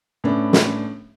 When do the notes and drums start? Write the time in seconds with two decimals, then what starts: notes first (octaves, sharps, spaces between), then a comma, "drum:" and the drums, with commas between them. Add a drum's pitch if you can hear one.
0.24 A2 B3 C#4 D4
0.53 drum: snare